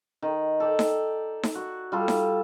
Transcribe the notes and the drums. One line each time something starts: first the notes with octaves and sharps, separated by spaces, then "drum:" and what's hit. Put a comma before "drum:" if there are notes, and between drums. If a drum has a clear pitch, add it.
D#3
A4 D5 G5
drum: snare D#4
drum: snare D#4
F#4
G3 F4 A4
drum: snare D#4